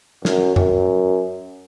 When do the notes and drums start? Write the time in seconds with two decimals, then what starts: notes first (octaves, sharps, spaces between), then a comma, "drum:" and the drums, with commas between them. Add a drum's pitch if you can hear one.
0.25 F#2, drum: snare
0.56 F#2, drum: tom F2